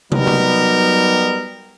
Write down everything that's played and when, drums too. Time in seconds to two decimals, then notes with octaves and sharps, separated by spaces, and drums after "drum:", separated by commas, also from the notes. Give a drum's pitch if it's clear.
0.12 F#3 G3 B3 D#4 G4 A#4, drum: tom
0.27 drum: tom C3